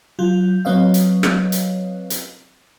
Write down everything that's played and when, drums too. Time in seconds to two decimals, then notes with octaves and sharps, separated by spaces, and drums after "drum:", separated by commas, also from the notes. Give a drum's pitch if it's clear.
0.19 F#3 F4 G6
0.65 F#3 C4 B4 C#5 D#5 F5
0.94 drum: hi-hat
1.23 drum: rim click
1.52 drum: hi-hat
2.10 drum: hi-hat